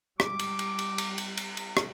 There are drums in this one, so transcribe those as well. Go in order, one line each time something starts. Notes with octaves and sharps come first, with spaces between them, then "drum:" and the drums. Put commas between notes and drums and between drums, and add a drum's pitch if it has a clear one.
G3 D6, drum: rim click
drum: cymbal
drum: cymbal
drum: cymbal
drum: cymbal
drum: cymbal
drum: cymbal
drum: cymbal
drum: rim click